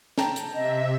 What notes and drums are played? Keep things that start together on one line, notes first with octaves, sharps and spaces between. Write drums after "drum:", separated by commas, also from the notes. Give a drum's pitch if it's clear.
G5 A5 A#5, drum: snare
drum: hi-hat
C3 D#5 E5